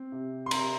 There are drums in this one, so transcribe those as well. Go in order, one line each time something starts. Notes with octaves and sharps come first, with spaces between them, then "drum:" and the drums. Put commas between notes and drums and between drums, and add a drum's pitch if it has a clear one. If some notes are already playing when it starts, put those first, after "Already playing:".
Already playing: C4
C3
C6
C3 A#5, drum: cymbal